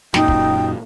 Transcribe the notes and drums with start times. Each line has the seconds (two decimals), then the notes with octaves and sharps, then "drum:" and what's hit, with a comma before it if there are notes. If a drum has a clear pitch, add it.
0.14 F#2 A#2 F#3 D#4 G5, drum: snare
0.28 drum: kick